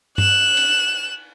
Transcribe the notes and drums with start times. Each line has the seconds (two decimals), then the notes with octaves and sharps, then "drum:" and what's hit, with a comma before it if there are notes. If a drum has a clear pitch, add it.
0.18 F#6 E7, drum: tom G2
0.57 drum: cymbal